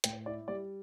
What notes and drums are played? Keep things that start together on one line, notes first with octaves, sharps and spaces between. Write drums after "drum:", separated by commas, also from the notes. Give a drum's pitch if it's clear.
A2 G5, drum: hi-hat
E4 D5
G3 D5